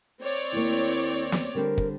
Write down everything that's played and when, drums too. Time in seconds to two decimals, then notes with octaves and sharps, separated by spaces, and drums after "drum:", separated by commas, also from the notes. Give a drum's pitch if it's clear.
0.22 C4 C#5 D5
0.52 D#2 A#3 E4
1.32 drum: snare
1.55 D3 G3 C4 A#4
1.78 drum: kick